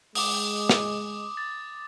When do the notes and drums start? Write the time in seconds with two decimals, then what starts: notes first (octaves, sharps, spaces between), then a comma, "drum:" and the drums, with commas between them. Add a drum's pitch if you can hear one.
0.15 G#3 D6 D#6, drum: open hi-hat
0.69 drum: snare
1.37 A6